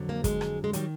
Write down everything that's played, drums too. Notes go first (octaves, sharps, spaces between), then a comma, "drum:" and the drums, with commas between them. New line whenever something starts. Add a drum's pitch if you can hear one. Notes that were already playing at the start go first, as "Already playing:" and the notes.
Already playing: F2 D3 F#3
A#3
G#3, drum: kick, hi-hat
drum: rim click
G#3
D#3 F#3 G3, drum: hi-hat